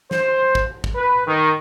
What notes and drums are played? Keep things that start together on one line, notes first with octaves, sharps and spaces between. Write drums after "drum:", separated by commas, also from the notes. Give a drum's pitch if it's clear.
C5, drum: snare
drum: kick
drum: kick
B4
D#3